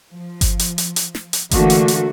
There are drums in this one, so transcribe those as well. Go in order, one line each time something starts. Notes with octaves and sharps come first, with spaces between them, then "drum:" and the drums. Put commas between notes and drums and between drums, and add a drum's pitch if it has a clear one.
F3
drum: kick G1, hi-hat
drum: hi-hat
drum: hi-hat
drum: hi-hat
drum: snare
drum: hi-hat
D3 E3 A3 A#3 F#4, drum: kick G1, hi-hat
drum: hi-hat
drum: hi-hat